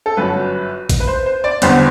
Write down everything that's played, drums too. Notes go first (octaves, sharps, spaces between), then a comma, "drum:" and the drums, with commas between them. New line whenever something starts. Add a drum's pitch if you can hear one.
A4
G1 F#2 F#3 B4
drum: kick, hi-hat
B4
C5
C5
D5
F#1 E2 D3 G3 B3 C5, drum: hi-hat